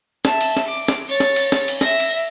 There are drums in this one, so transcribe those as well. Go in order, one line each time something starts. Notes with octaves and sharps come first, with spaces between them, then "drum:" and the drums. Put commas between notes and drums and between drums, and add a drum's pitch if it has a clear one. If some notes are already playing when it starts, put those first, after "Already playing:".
E5 A5, drum: snare
drum: cymbal
drum: snare
D6
drum: snare
C#5 A6
drum: snare
drum: cymbal
drum: snare
drum: cymbal
E5 A#6, drum: snare
drum: cymbal